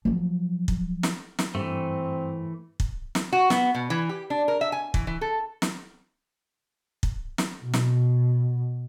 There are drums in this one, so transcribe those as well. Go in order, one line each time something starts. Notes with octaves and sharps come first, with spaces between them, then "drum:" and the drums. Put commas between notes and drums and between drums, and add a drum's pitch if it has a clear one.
F3 F#3
drum: kick
drum: snare
drum: snare
G2 E3 A3 C4
drum: kick
drum: snare
F#4
B3, drum: snare
B2
E3
G4
D4
A#4
E5
G#5
E3, drum: kick
E3
A4
drum: snare
drum: kick
drum: snare
B2
drum: snare